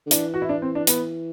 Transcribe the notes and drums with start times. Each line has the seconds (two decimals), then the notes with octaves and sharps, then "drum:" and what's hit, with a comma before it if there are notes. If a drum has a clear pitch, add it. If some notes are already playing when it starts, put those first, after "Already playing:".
0.07 D3
0.11 E3 D4, drum: hi-hat
0.34 F#4
0.42 E4
0.49 D4
0.62 C4
0.75 D4
0.87 B3, drum: hi-hat